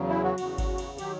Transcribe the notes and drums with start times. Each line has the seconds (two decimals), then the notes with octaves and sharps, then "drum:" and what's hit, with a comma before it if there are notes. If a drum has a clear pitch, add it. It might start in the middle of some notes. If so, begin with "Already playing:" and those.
Already playing: E2 C#3 F#3
0.09 E4
0.24 F#4
0.38 E2 C#3 F#3, drum: cymbal
0.58 drum: kick G#1, cymbal
0.78 drum: cymbal
0.98 D#3 F#3 G4, drum: cymbal